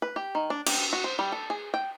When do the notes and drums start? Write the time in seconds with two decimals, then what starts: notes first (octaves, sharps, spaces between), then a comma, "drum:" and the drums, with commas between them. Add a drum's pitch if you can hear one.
0.02 B4
0.16 G4
0.35 D#3
0.50 D4
0.66 G4, drum: cymbal
0.93 F#4
1.04 C5
1.19 G3
1.32 A4
1.50 G#4
1.74 G5